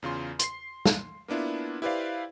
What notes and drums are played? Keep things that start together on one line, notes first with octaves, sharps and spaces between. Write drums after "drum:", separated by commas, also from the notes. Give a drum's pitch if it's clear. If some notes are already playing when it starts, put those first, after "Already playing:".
E2 C#3 F4 C6
C6 C7, drum: hi-hat
drum: snare
A#3 B3 D4 E4 F4
E4 G4 B4 C5 D5 F5